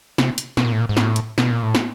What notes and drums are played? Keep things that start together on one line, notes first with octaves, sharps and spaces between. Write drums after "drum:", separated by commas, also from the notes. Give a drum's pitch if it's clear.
C3, drum: snare
drum: hi-hat
B2, drum: snare
A#2
A2
A#2
G#2
A2, drum: snare
drum: hi-hat
B2, drum: snare
A#2
A2
drum: snare